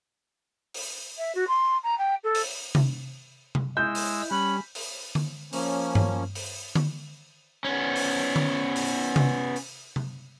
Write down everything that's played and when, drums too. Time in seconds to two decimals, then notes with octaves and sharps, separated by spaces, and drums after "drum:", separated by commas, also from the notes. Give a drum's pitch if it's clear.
0.74 drum: open hi-hat
1.18 E5
1.35 F#4
1.47 C6
1.83 A#5
1.98 G5
2.23 A4
2.35 drum: open hi-hat
2.75 drum: tom C3
3.55 drum: tom C3
3.77 G#3 E4 E6 G6
3.95 drum: open hi-hat
4.31 G3 C#4 B5
4.75 drum: open hi-hat
5.15 drum: tom D3
5.53 F3 A#3 C#4, drum: open hi-hat
5.95 drum: tom G2
6.35 drum: open hi-hat
6.75 drum: tom D3
7.65 B3 C#4
7.96 drum: open hi-hat
8.36 drum: tom D3
8.76 drum: open hi-hat
9.16 drum: tom C3
9.56 drum: open hi-hat
9.96 drum: tom C3